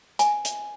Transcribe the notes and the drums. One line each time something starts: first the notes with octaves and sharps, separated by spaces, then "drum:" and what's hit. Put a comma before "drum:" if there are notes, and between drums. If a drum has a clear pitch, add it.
G#5, drum: hi-hat
drum: hi-hat